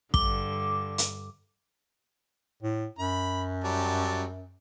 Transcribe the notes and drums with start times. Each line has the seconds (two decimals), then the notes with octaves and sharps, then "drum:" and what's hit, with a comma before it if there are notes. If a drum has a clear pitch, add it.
0.14 G2 D3 D6, drum: kick
0.98 drum: hi-hat
2.63 A2
2.98 F#2 B5
3.64 F#3 G3 A5